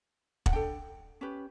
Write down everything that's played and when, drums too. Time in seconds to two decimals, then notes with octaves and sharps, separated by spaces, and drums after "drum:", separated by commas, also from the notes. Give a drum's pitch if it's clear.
0.46 F#5, drum: kick
0.53 D4 A4 G5
1.21 C#4 G4 B4